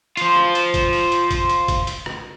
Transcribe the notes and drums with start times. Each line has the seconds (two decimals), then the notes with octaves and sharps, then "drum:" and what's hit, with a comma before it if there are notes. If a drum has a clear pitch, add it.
0.17 F4 C5, drum: hi-hat
0.36 drum: rim click
0.55 drum: hi-hat
0.74 drum: kick, hi-hat
0.93 drum: open hi-hat
1.12 drum: hi-hat
1.31 drum: kick, hi-hat
1.49 drum: hi-hat
1.68 drum: kick, hi-hat
1.87 drum: hi-hat
2.06 drum: rim click